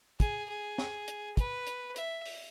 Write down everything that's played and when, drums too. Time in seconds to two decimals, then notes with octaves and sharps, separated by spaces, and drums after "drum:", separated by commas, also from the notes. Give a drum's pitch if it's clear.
0.20 G#4, drum: kick, hi-hat
0.49 G#4
0.78 drum: snare
1.08 drum: hi-hat
1.37 B4, drum: kick, hi-hat
1.67 drum: hi-hat
1.96 E5, drum: hi-hat
2.25 drum: open hi-hat